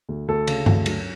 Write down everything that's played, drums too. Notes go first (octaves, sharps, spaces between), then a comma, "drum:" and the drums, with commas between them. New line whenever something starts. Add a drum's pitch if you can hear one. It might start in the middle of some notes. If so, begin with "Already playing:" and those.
D2
D2 A4
C#3, drum: cymbal
D2, drum: tom G2
F#3, drum: cymbal